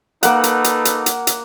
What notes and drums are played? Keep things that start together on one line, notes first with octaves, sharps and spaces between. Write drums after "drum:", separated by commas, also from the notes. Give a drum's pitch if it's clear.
A#3 D#4 A4 B4 F#5, drum: hi-hat
drum: hi-hat
drum: hi-hat
drum: hi-hat
drum: hi-hat
drum: hi-hat